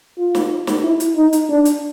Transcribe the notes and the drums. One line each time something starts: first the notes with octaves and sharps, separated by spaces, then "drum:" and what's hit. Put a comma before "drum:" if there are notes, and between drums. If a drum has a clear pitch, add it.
F4
drum: snare
drum: snare
E4
drum: hi-hat
D#4
drum: hi-hat
D4
drum: hi-hat